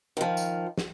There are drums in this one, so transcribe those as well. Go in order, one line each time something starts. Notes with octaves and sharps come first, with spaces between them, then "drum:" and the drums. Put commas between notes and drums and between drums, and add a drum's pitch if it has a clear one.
D#3 F3
drum: tambourine
drum: snare